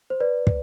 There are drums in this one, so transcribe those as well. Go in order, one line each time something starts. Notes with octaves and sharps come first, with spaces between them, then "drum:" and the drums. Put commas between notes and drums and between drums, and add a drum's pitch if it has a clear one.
C5
B4 D5
drum: kick